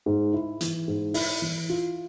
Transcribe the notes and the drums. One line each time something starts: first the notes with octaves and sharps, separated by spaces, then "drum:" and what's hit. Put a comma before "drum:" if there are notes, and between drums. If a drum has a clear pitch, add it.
G#2
E4
E3, drum: hi-hat
G#2
E4, drum: open hi-hat
E3
F4